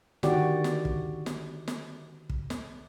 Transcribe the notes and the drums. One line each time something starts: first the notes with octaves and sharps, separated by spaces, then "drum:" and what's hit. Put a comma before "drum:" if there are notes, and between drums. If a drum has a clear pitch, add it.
D3 D#3 F#4 G4 D5, drum: snare
drum: snare
drum: kick
drum: snare
drum: snare
drum: kick
drum: snare